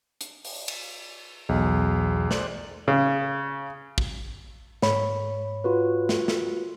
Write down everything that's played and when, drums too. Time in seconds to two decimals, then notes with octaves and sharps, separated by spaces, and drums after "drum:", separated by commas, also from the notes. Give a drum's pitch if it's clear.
0.21 drum: hi-hat
0.45 drum: open hi-hat
0.68 drum: cymbal
1.49 B1 E2 G#4
2.31 C5 D5 F#6, drum: snare
2.88 C#3
3.98 drum: kick
4.82 G#2 C#5 B5, drum: snare
5.64 F4 F#4 B4
6.09 drum: snare
6.28 drum: snare